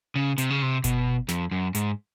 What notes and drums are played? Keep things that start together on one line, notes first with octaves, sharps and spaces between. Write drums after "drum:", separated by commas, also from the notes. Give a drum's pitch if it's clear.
C#3
C3, drum: hi-hat
C#3
C3
B2, drum: kick F#1, hi-hat
F2, drum: snare
F#2
G#2, drum: hi-hat